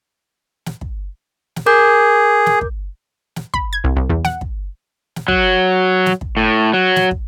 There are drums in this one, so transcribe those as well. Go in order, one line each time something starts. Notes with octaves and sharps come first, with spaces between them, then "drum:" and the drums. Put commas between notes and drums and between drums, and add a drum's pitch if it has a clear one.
drum: snare
drum: kick
drum: snare
G#4 A#4 D6 G6
drum: snare
drum: kick
drum: snare
B5, drum: kick
G#6
C2
C2
E2
F#5, drum: snare
drum: kick
drum: snare
F#3, drum: kick
drum: snare
drum: kick
A2
F#3
drum: snare
drum: kick